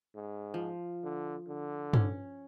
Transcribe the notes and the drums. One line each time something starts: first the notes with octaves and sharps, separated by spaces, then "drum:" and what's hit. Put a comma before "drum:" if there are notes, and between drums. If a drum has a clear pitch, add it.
G#2
F3
D3
D3
C#4, drum: tom G2